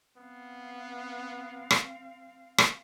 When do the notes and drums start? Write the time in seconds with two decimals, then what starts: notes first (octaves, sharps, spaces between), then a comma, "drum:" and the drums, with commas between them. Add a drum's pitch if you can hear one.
0.17 B3 C4 F5
1.71 drum: rim click
2.58 drum: rim click